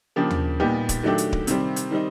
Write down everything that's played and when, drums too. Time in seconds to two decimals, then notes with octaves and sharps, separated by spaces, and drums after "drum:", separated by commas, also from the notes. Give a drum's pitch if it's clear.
0.16 C#3 F3 A#3 D4 G4
0.30 drum: tom D#2
0.60 A#2 G3 B3 D#4 G4
0.89 drum: kick D1, hi-hat
1.03 D#3 F#3 A3 D4 G4
1.18 drum: hi-hat
1.33 drum: kick D1
1.47 C3 D#3 G3 C4, drum: hi-hat
1.76 drum: hi-hat
1.91 D#3 G3 C4 D#4